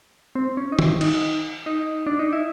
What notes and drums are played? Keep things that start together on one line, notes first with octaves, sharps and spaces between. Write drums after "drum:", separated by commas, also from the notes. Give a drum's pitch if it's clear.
C4
C#4
D#4
E4, drum: tom
D#4, drum: cymbal
D#4
D4
D#4
E4